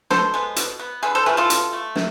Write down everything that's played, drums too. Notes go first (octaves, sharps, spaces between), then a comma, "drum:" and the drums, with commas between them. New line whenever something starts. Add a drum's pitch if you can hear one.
B2 A4 C5, drum: snare
G#3 B3
B2, drum: hi-hat
B3
D3 G#4 B4
A4 C5
F3 A3 G#4 B4
F4 A4
B2, drum: hi-hat
A3
C3, drum: snare